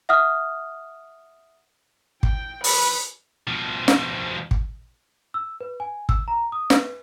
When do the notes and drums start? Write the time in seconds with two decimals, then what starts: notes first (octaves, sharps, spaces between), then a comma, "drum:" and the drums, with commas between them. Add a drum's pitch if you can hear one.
0.09 E5 F#5 D#6 F6
2.23 G5, drum: kick
2.64 B4, drum: open hi-hat
3.47 B2 F3
3.88 drum: snare
4.51 drum: kick
5.34 E6
5.61 B4
5.80 G#5
6.09 E6, drum: kick
6.28 A#5
6.52 D#6
6.70 B4, drum: snare